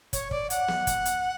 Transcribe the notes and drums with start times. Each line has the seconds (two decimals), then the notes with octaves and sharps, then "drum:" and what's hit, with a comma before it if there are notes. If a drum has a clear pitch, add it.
0.13 C#5, drum: kick, hi-hat
0.31 D5, drum: kick
0.50 F#5, drum: hi-hat
0.68 drum: snare
0.87 drum: kick, hi-hat
1.05 drum: hi-hat